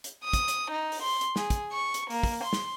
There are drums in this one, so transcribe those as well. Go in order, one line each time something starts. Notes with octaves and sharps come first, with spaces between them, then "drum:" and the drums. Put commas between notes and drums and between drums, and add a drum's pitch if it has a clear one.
drum: hi-hat
D#6
drum: kick, hi-hat
drum: hi-hat
D#4
drum: open hi-hat
C6
drum: hi-hat
G#4, drum: snare
drum: kick, hi-hat
C#6
drum: hi-hat
A#3, drum: open hi-hat
drum: kick, open hi-hat
C6
drum: snare